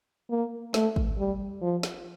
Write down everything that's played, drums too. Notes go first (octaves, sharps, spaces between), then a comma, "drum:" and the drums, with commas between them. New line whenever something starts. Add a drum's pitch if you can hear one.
A#3
A3, drum: snare
drum: kick
G3
F3
drum: snare